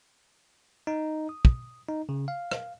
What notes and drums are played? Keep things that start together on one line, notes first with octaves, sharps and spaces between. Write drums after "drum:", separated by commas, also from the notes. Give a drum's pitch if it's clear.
D#4
D#6
drum: kick
D#4
C#3
F5
drum: rim click